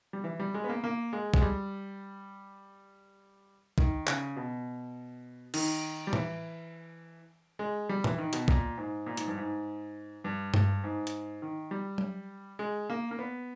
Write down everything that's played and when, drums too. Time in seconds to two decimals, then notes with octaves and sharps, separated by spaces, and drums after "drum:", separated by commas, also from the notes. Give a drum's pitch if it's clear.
0.13 G3
0.24 E3
0.40 G3
0.54 G#3
0.64 B3
0.69 A#3
0.84 A#3
1.13 G#3
1.34 G#3, drum: kick
1.42 G3
3.78 D#3, drum: kick
4.07 C#3, drum: clap
4.36 B2
5.54 D#3, drum: cymbal
6.07 G3
6.13 E3, drum: tom A2
7.59 G#3
7.89 G3
8.04 E3, drum: tom A2
8.18 D#3
8.33 B2, drum: hi-hat
8.48 A#2, drum: kick
8.78 G#2
9.06 A#2
9.17 G#2, drum: hi-hat
9.28 G2
9.37 G#2
10.24 G2
10.54 G2, drum: tom G2
10.84 G#2
11.07 drum: hi-hat
11.42 D#3
11.71 G3
11.98 drum: tom F#3
12.59 G#3
12.90 A#3
13.11 A#3
13.19 B3